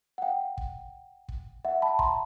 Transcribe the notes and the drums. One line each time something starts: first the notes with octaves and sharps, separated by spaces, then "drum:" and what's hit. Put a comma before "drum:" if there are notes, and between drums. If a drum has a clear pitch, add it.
F#5
F5 G5
drum: kick
drum: kick
E5 F#5
A5 B5
A#5 C6, drum: kick